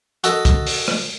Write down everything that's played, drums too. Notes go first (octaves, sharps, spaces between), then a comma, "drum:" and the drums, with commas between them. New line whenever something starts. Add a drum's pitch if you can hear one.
F#4 A4 D#5, drum: hi-hat
drum: kick, hi-hat
drum: open hi-hat
drum: rim click